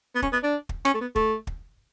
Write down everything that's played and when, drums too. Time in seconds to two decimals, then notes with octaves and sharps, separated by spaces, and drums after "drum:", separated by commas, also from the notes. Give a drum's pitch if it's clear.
0.15 B3
0.22 C#4, drum: kick
0.33 B3
0.43 D4
0.69 drum: kick
0.85 C#4, drum: rim click
0.94 A3
1.01 B3
1.15 A3, drum: kick
1.47 drum: kick